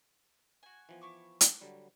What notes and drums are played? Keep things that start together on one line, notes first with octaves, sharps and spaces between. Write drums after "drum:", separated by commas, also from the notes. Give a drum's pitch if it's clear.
F#4 G#5
E3 F3 B3
E4 C#6 D6
drum: hi-hat
D3 F#3 G3